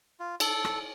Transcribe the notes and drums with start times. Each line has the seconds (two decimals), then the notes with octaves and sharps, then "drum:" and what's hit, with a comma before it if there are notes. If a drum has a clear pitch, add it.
0.20 F4
0.40 A4, drum: cymbal
0.64 drum: rim click